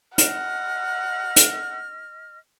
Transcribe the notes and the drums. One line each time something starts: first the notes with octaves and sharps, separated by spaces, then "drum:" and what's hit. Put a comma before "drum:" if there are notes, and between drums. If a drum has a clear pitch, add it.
D#5 F#5 F6, drum: hi-hat
drum: hi-hat